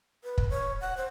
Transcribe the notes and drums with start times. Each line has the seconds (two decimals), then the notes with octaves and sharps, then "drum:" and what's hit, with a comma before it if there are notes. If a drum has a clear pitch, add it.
0.24 B4
0.38 drum: kick
0.50 C#5
0.81 F#5
0.97 C5